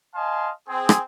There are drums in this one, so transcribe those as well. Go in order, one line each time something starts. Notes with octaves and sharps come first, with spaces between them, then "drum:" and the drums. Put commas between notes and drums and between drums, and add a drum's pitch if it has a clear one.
D#5 F5 G#5 A5 C6
C4 G#4
drum: rim click